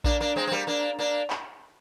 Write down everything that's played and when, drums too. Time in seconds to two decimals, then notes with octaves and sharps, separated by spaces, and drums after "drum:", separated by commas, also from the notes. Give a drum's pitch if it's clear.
0.04 A#3 D4, drum: kick A#1
0.21 A#3 D4
0.36 G#3 C4
0.47 C4
0.52 G3 A#3
0.67 A#3 D4
0.99 A#3 D4
1.30 drum: clap